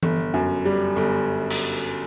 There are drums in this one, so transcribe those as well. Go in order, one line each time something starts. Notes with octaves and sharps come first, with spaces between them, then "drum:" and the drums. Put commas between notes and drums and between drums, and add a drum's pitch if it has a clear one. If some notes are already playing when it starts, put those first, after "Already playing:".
G1, drum: tom E3
F#2
G3
G1
drum: cymbal